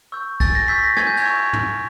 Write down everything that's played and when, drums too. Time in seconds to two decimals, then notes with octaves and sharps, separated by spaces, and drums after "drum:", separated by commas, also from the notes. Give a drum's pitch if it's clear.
0.12 C#6 E6 G6
0.40 G#5 A6, drum: kick, cymbal
0.55 A#6
0.68 C#6 E6 G6 B6
0.83 A#6
0.97 G#5 G#6, drum: rim click
1.07 G6
1.17 G#6, drum: cymbal
1.26 C#6 E6 G6
1.53 drum: tom